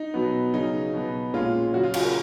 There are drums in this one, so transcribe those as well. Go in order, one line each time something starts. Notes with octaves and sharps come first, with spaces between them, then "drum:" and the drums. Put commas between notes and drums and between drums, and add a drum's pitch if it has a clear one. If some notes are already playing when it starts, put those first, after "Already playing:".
Already playing: D#4
B2 F#3 B3
C#3 F#3 C#4 D#4
B2 F#3 B3
A#2 G#3 C#4 F4
C#3 F#3 C#4 F#4
F4
F#4, drum: cymbal
A#4